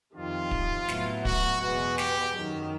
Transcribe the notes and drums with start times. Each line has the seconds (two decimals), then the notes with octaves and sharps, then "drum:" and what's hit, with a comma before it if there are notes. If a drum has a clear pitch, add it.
0.15 F2 C3 D#3 F4
0.51 drum: kick
0.88 A2 F#3 B3 E4, drum: snare
1.25 F#4, drum: kick
1.61 E2 B2 G#3 B3 F#4
1.98 G4, drum: snare
2.34 F#2 D#3 F#3